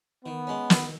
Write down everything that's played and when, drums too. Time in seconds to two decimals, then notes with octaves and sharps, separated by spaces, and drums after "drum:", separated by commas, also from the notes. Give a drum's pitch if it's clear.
0.25 D#3 B3
0.47 G#3 C#4
0.70 D#3, drum: snare